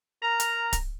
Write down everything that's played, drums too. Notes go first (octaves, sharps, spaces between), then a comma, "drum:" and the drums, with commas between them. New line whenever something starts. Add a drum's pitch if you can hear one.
A#4 A#5
drum: hi-hat
drum: kick D1, hi-hat